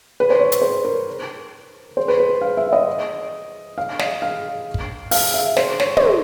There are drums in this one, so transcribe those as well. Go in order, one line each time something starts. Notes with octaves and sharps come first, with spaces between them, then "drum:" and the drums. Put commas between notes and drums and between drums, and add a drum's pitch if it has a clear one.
B4
C5
C#5
drum: hi-hat
C5
A#4
C5
B4
C5
F5
E5
D#5
F5
D#5, drum: snare
F5
drum: kick
F5, drum: open hi-hat
E5
C5, drum: snare
C#5, drum: snare
C5, drum: tom
C#5